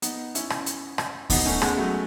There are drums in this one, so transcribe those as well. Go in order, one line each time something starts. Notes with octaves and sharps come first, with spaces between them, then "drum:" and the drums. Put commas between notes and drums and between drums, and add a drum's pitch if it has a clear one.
B3 D#4, drum: hi-hat
C#4 E4, drum: hi-hat
drum: rim click
drum: hi-hat
drum: rim click
B3 D#4, drum: kick D2, open hi-hat
A3 C#4
G#3 B3, drum: rim click
F#3 A3